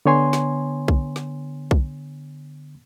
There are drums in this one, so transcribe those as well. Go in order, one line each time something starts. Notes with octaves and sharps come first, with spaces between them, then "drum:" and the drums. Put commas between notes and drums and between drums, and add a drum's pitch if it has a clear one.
D3 B3 C#5 G#5 C6
drum: snare
drum: kick B1
drum: snare
drum: kick B1